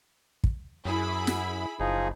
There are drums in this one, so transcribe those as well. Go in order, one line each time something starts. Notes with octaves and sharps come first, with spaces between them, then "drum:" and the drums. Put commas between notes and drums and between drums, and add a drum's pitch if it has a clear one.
drum: kick
F#2 E4 G#4 B5
drum: snare
F#1 F3 D#4 G#4